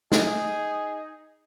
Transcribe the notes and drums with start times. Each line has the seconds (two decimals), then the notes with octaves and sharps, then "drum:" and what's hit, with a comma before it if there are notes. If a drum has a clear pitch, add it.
0.12 D#4 G#4, drum: snare